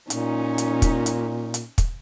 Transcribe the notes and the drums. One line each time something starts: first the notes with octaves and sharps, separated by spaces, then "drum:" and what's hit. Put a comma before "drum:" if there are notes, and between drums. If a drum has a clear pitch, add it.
A#2 C#4 D#4, drum: hi-hat
drum: hi-hat
drum: kick, hi-hat
drum: hi-hat
drum: hi-hat
drum: kick, hi-hat